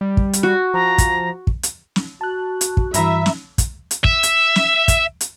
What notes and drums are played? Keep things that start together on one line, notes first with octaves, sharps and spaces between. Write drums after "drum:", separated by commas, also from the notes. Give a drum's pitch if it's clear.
G3
drum: kick
drum: hi-hat
F#4
F3 A#5
drum: kick, hi-hat
drum: kick
drum: hi-hat
drum: snare
F#4 A5 F#6
drum: hi-hat
drum: kick
G2 E3 E5 A#5 B5, drum: hi-hat
drum: snare
drum: kick, hi-hat
drum: hi-hat
E5, drum: kick
drum: hi-hat
drum: snare
drum: kick, hi-hat
drum: hi-hat